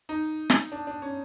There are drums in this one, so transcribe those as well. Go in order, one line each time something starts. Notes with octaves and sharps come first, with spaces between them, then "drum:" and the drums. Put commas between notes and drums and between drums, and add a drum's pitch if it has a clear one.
D#4
drum: snare
D4
D4
C#4